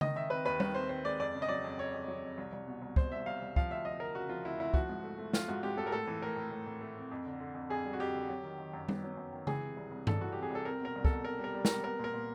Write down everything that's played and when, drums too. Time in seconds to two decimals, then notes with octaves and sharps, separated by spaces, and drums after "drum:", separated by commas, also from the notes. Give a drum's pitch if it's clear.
0.01 D#3 D#5, drum: tom C#3
0.16 D#3 E5
0.30 C4 B4
0.46 D#2 B4
0.60 D#3 B4, drum: tom G3
0.75 C4 C5
0.89 C4 C5
1.05 G#3 D5
1.20 F2 D5
1.34 C#3
1.42 D#5
1.49 F#3 D5
1.64 F2
1.78 F2 C#5
1.94 F2
2.08 F#3
2.23 F2
2.38 C2
2.53 C2
2.67 B2
2.82 C2
2.96 C2 C5, drum: kick
3.12 C2 E5
3.26 C2 F5
3.42 C2
3.56 F3 F5, drum: kick
3.70 D2 E5
3.85 F3 D#5
4.00 D2 A#4
4.15 C#3 F#4
4.29 F3 F4
4.45 D2 E4
4.59 D2 E4
4.74 F3 F#4, drum: kick
4.89 G#2
5.04 A3
5.19 A3
5.33 F3 F4, drum: snare
5.48 G#2 F#4
5.63 G#2 G4
5.77 G#2 A4
5.87 A#4
5.92 A2 A4
6.07 E3
6.22 A2 A#4
6.36 A2
6.52 A2
6.66 A2
6.81 A3
6.96 C4
7.11 F2
7.26 D3
7.40 D3
7.55 F2
7.70 F2 G#4
7.85 G3
7.93 F#4
7.99 F2 G4
8.14 D3
8.29 F#3
8.43 D#3
8.58 D#3
8.73 F#2
8.89 B3, drum: tom G3
9.04 F#3
9.17 F#2
9.33 D#3
9.47 E3 G#4, drum: tom C#3
9.62 C3
9.77 C2
9.91 C2
10.07 C2 A4, drum: tom G2
10.21 E3 F#4
10.32 C3 G4
10.42 G#4
10.51 C2 A4
10.65 C4 A#4
10.80 B2 A#4
10.96 C2
11.05 A4, drum: kick
11.10 B2
11.24 C4 A#4
11.39 G3 A#4
11.54 G3
11.65 G3 A#4, drum: snare
11.83 B3 A#4
11.99 A#2 A#4
12.14 A#2